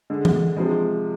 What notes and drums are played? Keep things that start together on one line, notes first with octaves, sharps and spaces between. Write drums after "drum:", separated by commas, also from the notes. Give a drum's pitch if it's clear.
D3 G#3
drum: tom E3
C3 F3 G#3